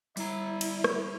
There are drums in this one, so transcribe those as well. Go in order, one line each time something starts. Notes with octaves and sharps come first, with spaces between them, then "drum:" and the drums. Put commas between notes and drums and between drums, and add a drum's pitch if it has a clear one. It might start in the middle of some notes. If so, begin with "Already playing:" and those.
G3 E4 A#5, drum: open hi-hat
drum: cymbal
drum: rim click